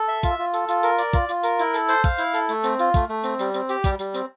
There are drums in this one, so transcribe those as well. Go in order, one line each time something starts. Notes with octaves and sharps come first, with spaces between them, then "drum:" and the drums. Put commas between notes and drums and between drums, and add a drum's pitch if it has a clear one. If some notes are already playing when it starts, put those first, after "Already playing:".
Already playing: A4
E5
F4, drum: kick, tambourine
F4
A4, drum: tambourine
F4, drum: tambourine
A#4, drum: tambourine
D5, drum: tambourine
F4, drum: kick, tambourine
F4, drum: tambourine
A#4, drum: tambourine
E4, drum: tambourine
A4, drum: tambourine
C5, drum: tambourine
F5, drum: kick, tambourine
E4, drum: tambourine
A4, drum: tambourine
A3, drum: tambourine
C4, drum: tambourine
F4, drum: tambourine
A3, drum: kick, tambourine
A3
C4, drum: tambourine
G3, drum: tambourine
C4, drum: tambourine
G4, drum: tambourine
G3, drum: kick, tambourine
G3, drum: tambourine
C4, drum: tambourine